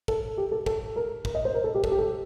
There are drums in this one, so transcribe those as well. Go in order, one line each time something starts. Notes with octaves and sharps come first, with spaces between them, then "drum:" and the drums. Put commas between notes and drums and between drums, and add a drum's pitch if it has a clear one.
A4, drum: kick
G4
A4
A4, drum: kick
A#4
A#4, drum: kick
D#5
C5
A#4
A4
G4
A4, drum: kick
G4
A4